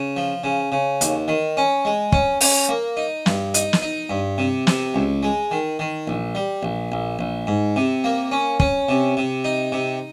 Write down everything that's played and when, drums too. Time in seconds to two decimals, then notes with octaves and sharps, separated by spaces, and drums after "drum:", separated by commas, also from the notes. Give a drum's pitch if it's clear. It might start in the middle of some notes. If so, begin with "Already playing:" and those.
Already playing: C#3
0.17 F3
0.44 C#3
0.72 C#3
1.01 D#2, drum: hi-hat
1.28 D#3
1.57 C#4
1.85 G#3
2.12 C#4, drum: kick
2.41 C#4, drum: open hi-hat
2.69 A#3
2.97 D#4
3.26 G2, drum: snare
3.54 D#4, drum: hi-hat
3.73 drum: snare
3.82 D#4
4.09 G2
4.38 C3
4.67 C3, drum: snare
4.94 C#2
5.23 G#3
5.51 D#3
5.79 D#3
6.08 A#1
6.35 G3
6.63 A#1
6.92 A#1
7.19 A#1
7.47 G#2
7.76 C3
8.04 A#3
8.31 C#4
8.60 C#4, drum: kick
8.89 C3
9.17 C3
9.44 D#4
9.72 C3